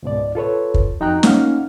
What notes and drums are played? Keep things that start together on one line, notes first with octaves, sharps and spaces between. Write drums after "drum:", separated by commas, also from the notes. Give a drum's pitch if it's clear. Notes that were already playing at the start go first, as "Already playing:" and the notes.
C#2 G#2 B2 D5
F4 A4 B4 C#5
drum: kick
F2 D#4 F#4 G5 A#5 F#6
A#3 C#4 D#4 F5 F#5 F6, drum: snare